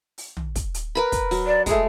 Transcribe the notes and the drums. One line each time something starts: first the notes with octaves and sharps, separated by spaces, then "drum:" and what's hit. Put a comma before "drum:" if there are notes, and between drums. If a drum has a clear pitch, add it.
drum: open hi-hat
drum: tom
drum: kick, hi-hat
drum: hi-hat
A#4 B4 B5
drum: kick, hi-hat
F#3, drum: open hi-hat
D5
G#3 A3 G#4, drum: kick, hi-hat